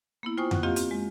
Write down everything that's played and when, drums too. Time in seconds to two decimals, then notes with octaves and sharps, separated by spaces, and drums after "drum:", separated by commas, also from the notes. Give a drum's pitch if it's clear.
0.23 A#3 B3 E4
0.38 F4 C5 G5 G#5 C#6 D#6
0.51 F#5 C#6 F#6, drum: tom F2
0.63 A#3 C4 F4 G4 D#5 F5
0.76 C4, drum: hi-hat
0.91 G#3